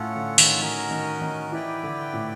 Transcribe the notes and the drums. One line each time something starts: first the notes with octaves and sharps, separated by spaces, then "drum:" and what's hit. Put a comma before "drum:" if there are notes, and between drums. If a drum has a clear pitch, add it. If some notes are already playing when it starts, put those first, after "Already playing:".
Already playing: A2 C#4 F4 A4 C#5 F#5
D3
D#3, drum: open hi-hat
D#3 C#4 F#4 A#4 D#5 G#5
D#3
D#3
E3 E4 G4 B4 D5 G5
D3
A2